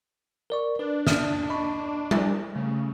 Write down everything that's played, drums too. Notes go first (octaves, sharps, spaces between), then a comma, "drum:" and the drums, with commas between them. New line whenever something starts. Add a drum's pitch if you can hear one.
A#4 D5 C#6
D4 B4
E5 D#6 F6, drum: snare
D#5 B5 C#6
drum: tom G3
C#3 A3